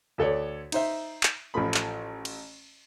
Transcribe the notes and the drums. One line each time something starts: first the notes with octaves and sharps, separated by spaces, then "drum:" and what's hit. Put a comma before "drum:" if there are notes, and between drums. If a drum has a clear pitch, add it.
D2 A4 C#5 D5
D#4 C5 E5, drum: cymbal
drum: clap
A1 F3 A3 B5
drum: clap
drum: cymbal